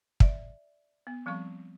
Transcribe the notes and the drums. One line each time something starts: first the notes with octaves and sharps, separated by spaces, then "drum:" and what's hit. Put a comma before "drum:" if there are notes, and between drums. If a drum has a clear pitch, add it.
D5 E5, drum: kick
B3
F3 G3 C4 F5 C#6